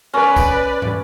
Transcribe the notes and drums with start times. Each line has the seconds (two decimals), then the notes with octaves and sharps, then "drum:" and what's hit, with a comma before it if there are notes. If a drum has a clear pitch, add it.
0.14 C#4 B4 D5
0.36 drum: kick, tambourine
0.82 drum: tom